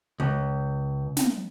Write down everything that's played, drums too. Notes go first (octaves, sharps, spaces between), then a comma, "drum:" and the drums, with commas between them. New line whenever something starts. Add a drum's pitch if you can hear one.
C#2
drum: snare